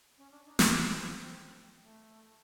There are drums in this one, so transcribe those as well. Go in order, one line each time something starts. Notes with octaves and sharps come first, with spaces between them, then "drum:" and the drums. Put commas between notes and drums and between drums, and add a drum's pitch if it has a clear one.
C#4
D4
D#4
E4, drum: snare
C4
A3